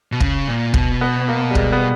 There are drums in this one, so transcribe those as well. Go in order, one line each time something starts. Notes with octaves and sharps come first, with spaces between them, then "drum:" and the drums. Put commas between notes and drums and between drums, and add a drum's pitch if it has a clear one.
B2
C#3, drum: kick
A#2
B2, drum: kick
B3
A#3
G3
G#3, drum: kick
B3